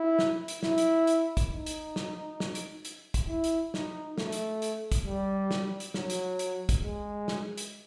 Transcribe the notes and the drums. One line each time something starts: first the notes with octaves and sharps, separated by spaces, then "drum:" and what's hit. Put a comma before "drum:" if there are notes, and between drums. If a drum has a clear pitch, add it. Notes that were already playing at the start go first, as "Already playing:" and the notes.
Already playing: E4
drum: snare
drum: hi-hat
E4, drum: snare
drum: hi-hat
drum: hi-hat
drum: kick, hi-hat
D#4
drum: hi-hat
drum: snare
drum: snare
drum: hi-hat
drum: hi-hat
drum: kick, hi-hat
E4
drum: hi-hat
D#4, drum: snare
A3, drum: snare
drum: hi-hat
drum: hi-hat
drum: kick, hi-hat
G3
drum: snare
drum: hi-hat
F#3, drum: snare
drum: hi-hat
drum: hi-hat
drum: kick, hi-hat
G#3
drum: snare
drum: hi-hat